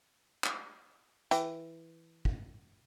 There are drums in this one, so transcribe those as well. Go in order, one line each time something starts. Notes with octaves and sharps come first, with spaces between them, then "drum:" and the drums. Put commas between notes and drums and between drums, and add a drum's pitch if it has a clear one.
drum: clap
E3 G5, drum: hi-hat
drum: kick